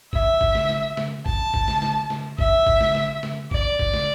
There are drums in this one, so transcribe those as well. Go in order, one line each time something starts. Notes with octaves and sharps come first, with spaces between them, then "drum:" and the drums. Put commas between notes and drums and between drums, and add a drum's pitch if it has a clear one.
E5, drum: kick A1
drum: kick A1
drum: snare
drum: snare
drum: snare
A5, drum: kick A1
drum: kick A1
drum: snare
drum: snare
drum: snare
E5, drum: kick A1
drum: kick A1
drum: snare
drum: snare
drum: snare
D5, drum: kick A1
drum: kick A1
drum: snare